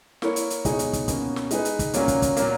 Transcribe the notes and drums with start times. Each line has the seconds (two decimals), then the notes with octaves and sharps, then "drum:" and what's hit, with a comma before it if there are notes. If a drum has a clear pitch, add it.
0.22 A#3 E4 A#4 C#5, drum: snare
0.36 drum: hi-hat
0.50 drum: hi-hat
0.65 B2 G#3 D#4 G#4 C#5, drum: kick, hi-hat
0.79 drum: hi-hat
0.93 drum: kick, hi-hat
1.08 B2 A#3 C#4, drum: kick, hi-hat
1.36 drum: snare
1.51 G#3 D#4 G#4 B4, drum: hi-hat
1.65 drum: hi-hat
1.79 drum: kick, hi-hat
1.94 A#2 F#3 A#3 C#4, drum: hi-hat
2.08 drum: kick, hi-hat
2.22 drum: kick, hi-hat
2.37 A#2 F#3 A#3, drum: hi-hat